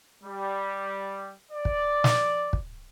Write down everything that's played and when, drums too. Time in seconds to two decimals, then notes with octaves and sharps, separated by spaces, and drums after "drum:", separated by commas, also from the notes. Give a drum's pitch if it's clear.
0.24 G3
1.51 D5
1.65 drum: kick
2.04 drum: snare
2.53 drum: kick